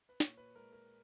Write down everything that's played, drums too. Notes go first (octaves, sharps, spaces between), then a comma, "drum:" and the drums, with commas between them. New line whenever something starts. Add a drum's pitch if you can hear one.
B4
A#2 C#5, drum: snare
B4
G#3 A#4
A#4